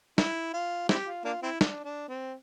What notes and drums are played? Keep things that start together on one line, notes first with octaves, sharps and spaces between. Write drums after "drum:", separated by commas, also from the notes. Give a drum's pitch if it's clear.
E4, drum: snare
F4
C4 E4 G4, drum: snare
F4
A#3 D4 F4
C4 E4
D4, drum: snare
D4
C4